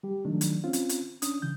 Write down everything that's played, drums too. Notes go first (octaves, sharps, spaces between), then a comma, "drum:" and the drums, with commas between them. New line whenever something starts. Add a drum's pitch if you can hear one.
G3 G4
D#3 F3 F#3 A3 D4 D#4
drum: hi-hat
C4 C#4 F4
drum: hi-hat
drum: hi-hat
C#4 D4 D#6, drum: hi-hat
C#3 E3 G6